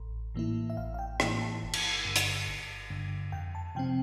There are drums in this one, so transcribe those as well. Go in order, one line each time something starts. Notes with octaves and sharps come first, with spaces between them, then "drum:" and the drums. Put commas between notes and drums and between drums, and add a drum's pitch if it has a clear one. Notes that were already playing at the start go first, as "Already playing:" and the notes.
Already playing: A1
A2 E3 A#3 E4
E5
A1 F5
F5
G5
A2 E3 A#3 E4 G5, drum: rim click
A5
G1
drum: cymbal
G2 D3
drum: hi-hat
G1
G2 D3
F2 G5
A5
C3 F3 C4 G5